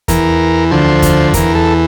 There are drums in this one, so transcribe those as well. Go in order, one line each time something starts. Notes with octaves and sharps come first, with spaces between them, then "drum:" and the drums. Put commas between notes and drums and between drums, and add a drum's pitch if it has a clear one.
E2 E3 A#4, drum: kick E2, hi-hat
D2 D3 F3 C5
drum: kick E2, hi-hat
E2 E3 A#4, drum: kick E2, hi-hat
A4